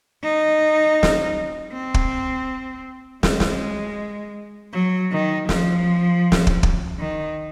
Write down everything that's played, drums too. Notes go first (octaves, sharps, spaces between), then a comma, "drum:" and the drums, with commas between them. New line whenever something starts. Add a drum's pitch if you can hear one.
D#4
drum: snare
C4
drum: kick
G#3, drum: snare
drum: snare
F#3
D#3
F3, drum: snare
drum: snare
drum: kick
drum: kick
D#3